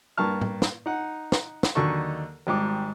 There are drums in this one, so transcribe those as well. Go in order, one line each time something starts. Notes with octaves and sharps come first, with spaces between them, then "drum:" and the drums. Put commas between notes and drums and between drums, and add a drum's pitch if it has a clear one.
G2 A#3 A5 C#6 F6
drum: tom
drum: snare
D#4 F#5
drum: snare
drum: snare
D#2 D3 F#3 D#4 A4 C#6
G#1 G#2 G3 D6